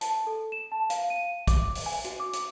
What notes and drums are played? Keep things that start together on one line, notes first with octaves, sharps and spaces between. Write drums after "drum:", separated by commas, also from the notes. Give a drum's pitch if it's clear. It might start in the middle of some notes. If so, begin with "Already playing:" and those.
A5, drum: hi-hat
A4
E7
A5
F5, drum: hi-hat
D#7
D6, drum: kick, hi-hat
drum: open hi-hat
G#5
F#4, drum: hi-hat
D6
drum: hi-hat